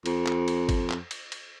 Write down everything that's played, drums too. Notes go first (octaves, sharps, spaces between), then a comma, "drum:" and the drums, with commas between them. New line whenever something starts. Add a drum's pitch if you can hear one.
F2, drum: cymbal
drum: clap
drum: cymbal
drum: kick, cymbal
drum: clap
drum: cymbal
drum: cymbal